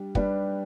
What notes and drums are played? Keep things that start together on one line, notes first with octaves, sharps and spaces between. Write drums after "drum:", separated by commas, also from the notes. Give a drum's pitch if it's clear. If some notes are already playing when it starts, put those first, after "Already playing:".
Already playing: G3 D4
G3 D4 G4 B4, drum: kick